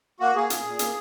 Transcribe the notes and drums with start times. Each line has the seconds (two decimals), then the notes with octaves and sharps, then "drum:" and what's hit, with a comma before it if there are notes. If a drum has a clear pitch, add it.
0.20 A#3 F#4
0.35 A#3 G#4
0.50 A#2, drum: hi-hat
0.65 A#2
0.79 A#3, drum: hi-hat